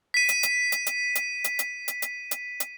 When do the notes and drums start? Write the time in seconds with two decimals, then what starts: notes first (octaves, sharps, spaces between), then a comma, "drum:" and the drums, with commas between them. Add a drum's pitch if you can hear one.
0.14 B6 D#7
0.29 drum: hi-hat
0.43 drum: hi-hat
0.72 drum: hi-hat
0.86 drum: hi-hat
1.15 drum: hi-hat
1.44 drum: hi-hat
1.59 drum: hi-hat
1.88 drum: hi-hat
2.02 drum: hi-hat
2.31 drum: hi-hat
2.60 drum: hi-hat